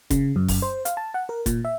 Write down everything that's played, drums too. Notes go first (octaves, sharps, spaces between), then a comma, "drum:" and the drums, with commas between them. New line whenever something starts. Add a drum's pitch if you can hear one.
C#3, drum: kick F1, hi-hat
F#2
drum: kick F1, open hi-hat
C5
F5, drum: hi-hat
A5
F#5
A#4
A#2, drum: kick F1, hi-hat
E5